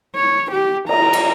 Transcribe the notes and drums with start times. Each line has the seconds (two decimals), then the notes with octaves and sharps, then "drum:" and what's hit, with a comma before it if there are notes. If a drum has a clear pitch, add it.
0.16 C#5
0.52 G4
0.89 A#5, drum: cymbal
1.13 drum: cymbal